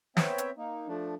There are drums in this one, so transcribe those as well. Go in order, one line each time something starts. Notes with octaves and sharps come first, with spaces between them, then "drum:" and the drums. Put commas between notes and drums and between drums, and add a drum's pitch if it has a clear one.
B3 C4 C#5 E5 G5, drum: snare
drum: hi-hat
A#3 D#4
F3 A3 D4